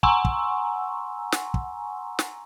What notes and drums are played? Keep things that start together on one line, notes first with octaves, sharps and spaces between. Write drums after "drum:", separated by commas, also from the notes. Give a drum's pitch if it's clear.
F#5 G#5 A#5 C6 C#6 E6, drum: kick
drum: kick
drum: snare
drum: kick
drum: snare